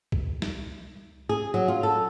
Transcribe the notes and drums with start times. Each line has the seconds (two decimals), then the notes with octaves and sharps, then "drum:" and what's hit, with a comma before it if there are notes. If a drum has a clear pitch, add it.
0.12 drum: kick C2
0.42 drum: snare
1.29 G#4
1.54 F#3
1.68 F4
1.83 A4